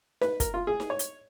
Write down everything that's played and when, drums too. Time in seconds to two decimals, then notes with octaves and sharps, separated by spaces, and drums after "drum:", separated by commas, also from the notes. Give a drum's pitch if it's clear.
0.21 B4, drum: snare D#4
0.40 A#4, drum: kick, hi-hat
0.54 F4
0.67 G#4
0.80 drum: snare D#4
0.90 C#5
0.99 drum: hi-hat